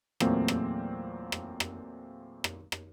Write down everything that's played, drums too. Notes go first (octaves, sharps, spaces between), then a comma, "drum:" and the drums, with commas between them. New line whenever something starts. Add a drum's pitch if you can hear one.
E2 A#2 F#3 A3 A#3 C4, drum: rim click
drum: rim click
drum: rim click
drum: rim click
drum: rim click
drum: rim click